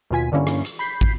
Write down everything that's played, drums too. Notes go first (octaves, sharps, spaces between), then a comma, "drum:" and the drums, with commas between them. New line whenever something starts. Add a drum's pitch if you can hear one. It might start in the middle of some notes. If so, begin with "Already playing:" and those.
D#2 B2 F4 G#5 B6
G2 D3 A#3 C#4 E4
drum: rim click
drum: hi-hat
B5 G6 B6 C7
drum: kick